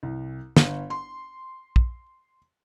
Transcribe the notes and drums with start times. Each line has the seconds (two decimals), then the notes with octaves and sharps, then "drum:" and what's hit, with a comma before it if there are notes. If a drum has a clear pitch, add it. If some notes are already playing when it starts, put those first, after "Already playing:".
0.03 C2
0.57 G1, drum: snare
0.90 C6
1.76 drum: kick